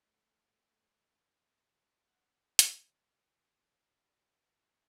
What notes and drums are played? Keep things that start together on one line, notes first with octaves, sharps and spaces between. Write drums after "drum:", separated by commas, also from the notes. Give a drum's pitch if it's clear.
A3
F#5
drum: hi-hat
F#4 D5 F#5 G5
F2 G#4 A5 D6